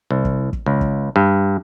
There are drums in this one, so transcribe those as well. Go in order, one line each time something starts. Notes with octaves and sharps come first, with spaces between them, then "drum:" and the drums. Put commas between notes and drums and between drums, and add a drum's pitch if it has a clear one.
C2
drum: kick
drum: kick
C#2
drum: kick
G2